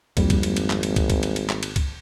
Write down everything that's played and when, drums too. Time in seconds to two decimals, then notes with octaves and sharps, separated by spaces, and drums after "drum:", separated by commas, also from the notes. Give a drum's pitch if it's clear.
0.17 G#1 F2 G3 A#3, drum: kick, cymbal
0.30 drum: kick, cymbal
0.43 drum: cymbal
0.57 drum: cymbal
0.70 drum: clap
0.83 drum: cymbal
0.96 drum: kick, cymbal
1.10 drum: kick, cymbal
1.23 drum: cymbal
1.36 drum: cymbal
1.49 drum: clap
1.63 drum: cymbal
1.76 drum: kick, cymbal